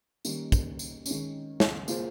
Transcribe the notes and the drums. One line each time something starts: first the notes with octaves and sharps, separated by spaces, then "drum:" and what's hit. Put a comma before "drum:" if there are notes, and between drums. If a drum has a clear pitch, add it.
D#3 G3 A#3 C#4, drum: tambourine
drum: kick, tambourine
drum: tambourine
D#3 G#3 C#4, drum: tambourine
drum: snare
A#3 F4 G#4 C5, drum: tambourine